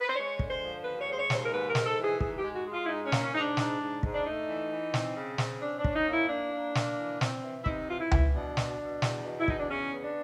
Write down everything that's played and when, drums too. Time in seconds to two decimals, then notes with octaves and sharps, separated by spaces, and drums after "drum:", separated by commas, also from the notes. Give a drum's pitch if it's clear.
0.01 B4
0.08 C5
0.16 G#3 C#5
0.39 D3, drum: kick
0.50 C5
0.62 F3
0.84 D#2 B4
1.01 C#5
1.07 G#3 C5
1.19 C#5
1.30 D#2, drum: snare
1.35 C5
1.46 A#4
1.52 G#2 B4
1.70 A#4
1.75 G#2, drum: snare
1.86 A4
1.98 E3
2.04 G#4
2.20 G#2 G#4, drum: kick
2.38 G#3 G4
2.54 F#4
2.67 G#3
2.72 F4
2.85 E4
2.88 G#2 D#4
3.06 C#4
3.12 A#3, drum: snare
3.23 C#4
3.34 G#2 D#4
3.40 D4
3.57 G#2, drum: snare
3.80 G#2
4.03 G#2, drum: kick
4.14 D4
4.25 A3 D#4
4.48 E3
4.70 E3
4.94 C4, drum: snare
5.16 C#3
5.38 C4, drum: snare
5.61 C#4 D4
5.79 D4
5.84 C#4, drum: kick
5.96 D#4
6.07 A#3
6.12 E4
6.29 A#3 D4
6.52 A#3
6.75 A#3, drum: snare
6.98 E3
7.21 C4, drum: snare
7.43 E3
7.61 E4
7.66 C3 D#4, drum: kick
7.89 E3 F4
8.00 E4
8.11 E3, drum: tom C#2
8.34 B2 D4
8.57 B2, drum: snare
8.79 B2
9.02 E2, drum: snare
9.25 B2
9.40 E4
9.48 E2 D#4, drum: kick
9.59 D4
9.70 C#3 C#4
9.93 B3
10.04 D4